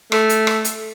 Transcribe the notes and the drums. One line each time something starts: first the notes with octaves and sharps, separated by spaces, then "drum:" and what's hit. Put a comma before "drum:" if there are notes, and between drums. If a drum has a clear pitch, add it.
A3, drum: rim click
drum: hi-hat
drum: rim click
drum: hi-hat